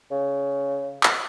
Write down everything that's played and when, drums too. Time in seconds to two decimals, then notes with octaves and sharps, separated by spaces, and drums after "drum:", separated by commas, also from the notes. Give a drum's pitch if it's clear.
0.11 C#3
1.03 drum: clap